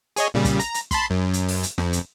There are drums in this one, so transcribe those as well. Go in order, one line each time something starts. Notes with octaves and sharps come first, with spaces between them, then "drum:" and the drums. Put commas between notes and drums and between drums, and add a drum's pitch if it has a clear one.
G#4 C#5 D#5, drum: hi-hat
A#2 C#3 G3
drum: kick, hi-hat
A#5, drum: hi-hat
drum: hi-hat
A5 B5 C6, drum: kick, hi-hat
F#2
drum: hi-hat
drum: open hi-hat
drum: hi-hat
F2, drum: snare
drum: hi-hat